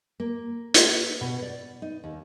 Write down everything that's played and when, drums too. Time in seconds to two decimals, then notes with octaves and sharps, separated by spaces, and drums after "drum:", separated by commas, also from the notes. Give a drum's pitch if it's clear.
0.20 A#3
0.74 B4, drum: hi-hat
1.21 B2
1.42 D5
1.82 D#4
2.04 D#2